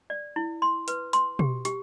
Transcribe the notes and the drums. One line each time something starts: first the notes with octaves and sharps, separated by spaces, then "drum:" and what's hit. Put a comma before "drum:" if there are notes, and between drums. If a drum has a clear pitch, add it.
D5
E4
C6
B4, drum: hi-hat
C6, drum: hi-hat
G4, drum: tom B2
G4, drum: hi-hat